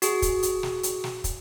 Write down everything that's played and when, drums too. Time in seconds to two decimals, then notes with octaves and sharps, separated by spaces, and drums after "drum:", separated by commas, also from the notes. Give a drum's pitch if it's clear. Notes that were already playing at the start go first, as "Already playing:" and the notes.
0.02 F#4 G#4, drum: hi-hat
0.22 drum: kick, hi-hat
0.43 drum: hi-hat
0.63 drum: snare
0.83 drum: hi-hat
1.04 drum: snare
1.24 drum: kick, hi-hat